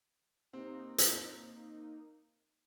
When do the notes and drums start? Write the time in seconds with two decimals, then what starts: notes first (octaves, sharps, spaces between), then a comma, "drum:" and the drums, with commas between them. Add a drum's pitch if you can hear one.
0.53 C3 A#3 C4 D#4
0.98 drum: hi-hat